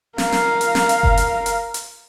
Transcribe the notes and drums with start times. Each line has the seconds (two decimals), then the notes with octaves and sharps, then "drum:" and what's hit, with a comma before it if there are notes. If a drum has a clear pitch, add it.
0.18 A#4 F5, drum: snare
0.32 drum: snare
0.61 drum: hi-hat
0.75 drum: snare
0.89 drum: hi-hat
1.03 drum: kick F#1
1.17 drum: hi-hat
1.46 drum: hi-hat
1.74 drum: hi-hat